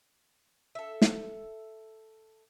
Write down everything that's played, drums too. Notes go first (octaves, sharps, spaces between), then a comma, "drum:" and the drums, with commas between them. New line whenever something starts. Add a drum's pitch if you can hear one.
A4 E5
drum: snare